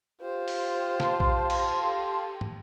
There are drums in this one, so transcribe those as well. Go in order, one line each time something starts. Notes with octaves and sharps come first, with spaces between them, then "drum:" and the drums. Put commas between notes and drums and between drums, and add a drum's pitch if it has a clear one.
F4 G4 C5
drum: open hi-hat
F5 A5 C6, drum: snare
drum: kick
drum: cymbal
G4 A4
drum: tom